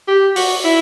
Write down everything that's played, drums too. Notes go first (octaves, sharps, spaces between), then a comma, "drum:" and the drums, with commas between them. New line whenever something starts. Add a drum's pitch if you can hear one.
G4
F#4, drum: open hi-hat
E4